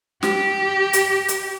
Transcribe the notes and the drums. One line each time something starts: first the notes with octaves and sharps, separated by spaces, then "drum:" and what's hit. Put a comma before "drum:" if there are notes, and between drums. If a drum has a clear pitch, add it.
G4, drum: snare
drum: hi-hat
drum: hi-hat